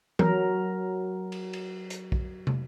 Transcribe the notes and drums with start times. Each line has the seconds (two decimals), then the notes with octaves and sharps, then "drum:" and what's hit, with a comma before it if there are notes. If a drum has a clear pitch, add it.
0.19 F#3 A#4, drum: tom E3
1.32 drum: cymbal
1.53 drum: cymbal
1.90 drum: hi-hat
2.12 drum: kick
2.47 drum: tom